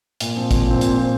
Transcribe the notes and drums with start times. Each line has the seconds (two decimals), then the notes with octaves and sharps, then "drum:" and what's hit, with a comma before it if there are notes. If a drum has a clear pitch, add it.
0.20 A#2, drum: hi-hat
0.35 F3 C4
0.51 A#2, drum: kick A1, hi-hat
0.66 F3 C4
0.81 A#2, drum: hi-hat
0.96 F3 C4